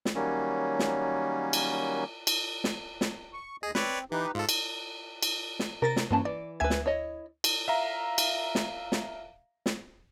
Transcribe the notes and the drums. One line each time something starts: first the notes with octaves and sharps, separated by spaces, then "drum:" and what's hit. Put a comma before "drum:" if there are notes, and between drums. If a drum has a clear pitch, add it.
drum: snare
D#3 F#3 G3 A#3 C#4
drum: snare
drum: cymbal
drum: cymbal
drum: snare
drum: snare
C#6
D#2 G#3 G#4 D#5
C4 B4 C#5 D5, drum: snare
E3 D#4 G4 B4
G#2 F4 A4
drum: cymbal
drum: cymbal
drum: snare
C3 A#4 A6 A#6
drum: snare
G2 E3 A#3 C#4 A5
E3 D5
D2 B4 E5 G#5 G#6
drum: snare
E4 C#5 D#5
drum: cymbal
E5 F5 A#5
drum: cymbal
drum: snare
drum: snare
drum: snare